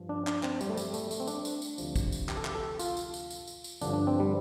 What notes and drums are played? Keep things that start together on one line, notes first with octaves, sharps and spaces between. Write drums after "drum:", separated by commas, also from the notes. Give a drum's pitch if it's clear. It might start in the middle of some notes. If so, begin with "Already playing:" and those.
Already playing: G2 F3
D4
D4, drum: clap
C4, drum: clap
G3, drum: tambourine
A3
G3, drum: tambourine
A3, drum: tambourine
A3, drum: tambourine
C4
D4, drum: tambourine
drum: tambourine
drum: tambourine
D2 C3 F3, drum: tambourine
drum: kick, tambourine
drum: tambourine
G4, drum: clap
A4
G4, drum: clap
A4
F4, drum: tambourine
drum: tambourine
drum: tambourine
drum: tambourine
drum: tambourine
drum: tambourine
G2 D3 F3 D4, drum: tambourine
D4
C4
G3